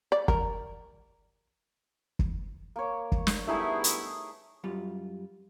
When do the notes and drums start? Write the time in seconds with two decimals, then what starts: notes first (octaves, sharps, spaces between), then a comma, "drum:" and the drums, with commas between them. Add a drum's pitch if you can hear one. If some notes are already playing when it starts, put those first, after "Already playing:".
0.12 D5
0.28 A#4, drum: kick
2.19 drum: kick
2.76 A#3 C#5
3.12 drum: kick
3.27 drum: snare
3.47 G2 A3 B3 D#4 E4 G#4
3.84 drum: hi-hat
4.64 F#2 G3 F4